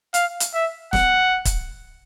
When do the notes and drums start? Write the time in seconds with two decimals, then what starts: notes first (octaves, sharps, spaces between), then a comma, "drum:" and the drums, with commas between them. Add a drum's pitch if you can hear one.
0.14 F5, drum: hi-hat
0.40 drum: hi-hat
0.54 E5
0.93 F#5, drum: snare
1.45 drum: kick, hi-hat